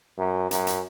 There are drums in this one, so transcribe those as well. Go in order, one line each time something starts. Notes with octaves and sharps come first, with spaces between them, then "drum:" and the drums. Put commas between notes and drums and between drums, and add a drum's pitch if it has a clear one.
F#2
F#2, drum: hi-hat
drum: hi-hat